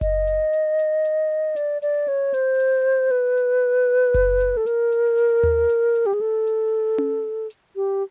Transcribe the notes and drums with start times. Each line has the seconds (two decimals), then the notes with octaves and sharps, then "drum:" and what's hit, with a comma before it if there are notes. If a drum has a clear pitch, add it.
0.01 D#5, drum: kick F#1, hi-hat
0.27 drum: hi-hat
0.53 drum: hi-hat
0.79 drum: hi-hat
1.05 drum: hi-hat
1.56 D5, drum: hi-hat
1.82 D5, drum: hi-hat
2.08 C#5
2.34 C5, drum: hi-hat
2.59 drum: hi-hat
3.11 B4
3.37 drum: hi-hat
4.14 drum: kick F#1, hi-hat
4.40 drum: hi-hat
4.57 A4
4.66 A#4, drum: hi-hat
4.92 drum: hi-hat
5.18 drum: hi-hat
5.43 drum: tom D#2
5.69 drum: hi-hat
5.95 drum: hi-hat
6.06 G4
6.14 G#4
6.21 A4
6.47 drum: hi-hat
6.98 drum: tom C#4
7.50 drum: hi-hat
7.76 G4